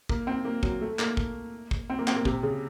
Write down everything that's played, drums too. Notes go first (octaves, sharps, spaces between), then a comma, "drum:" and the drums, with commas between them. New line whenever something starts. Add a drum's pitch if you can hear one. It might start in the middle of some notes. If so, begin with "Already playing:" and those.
A#3, drum: kick
C4
A#3
F#3, drum: kick
A3
A#3, drum: clap
drum: kick
drum: kick
C4
A#3
C4, drum: clap
A#3
C3, drum: kick
C#3